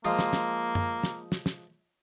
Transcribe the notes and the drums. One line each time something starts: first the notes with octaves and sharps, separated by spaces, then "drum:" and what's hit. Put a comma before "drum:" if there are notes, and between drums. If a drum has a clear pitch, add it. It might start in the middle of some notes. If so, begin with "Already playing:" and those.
F3 G#3 A#3 F4
drum: snare
drum: snare
drum: tom F#2
drum: snare
drum: snare
drum: snare